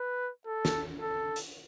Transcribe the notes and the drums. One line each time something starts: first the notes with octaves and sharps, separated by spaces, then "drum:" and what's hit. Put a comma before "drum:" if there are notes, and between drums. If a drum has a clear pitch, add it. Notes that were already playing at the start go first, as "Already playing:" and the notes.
Already playing: B4
A4
drum: snare
A4
drum: hi-hat